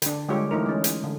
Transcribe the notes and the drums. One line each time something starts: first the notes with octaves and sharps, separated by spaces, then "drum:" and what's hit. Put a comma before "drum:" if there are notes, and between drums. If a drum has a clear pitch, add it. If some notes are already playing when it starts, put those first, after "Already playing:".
D3 D4, drum: hi-hat
D3 G3 G#3 F4 G4 C#5
E3 A3 D#4 A#4
G#3 C#4
drum: hi-hat
D3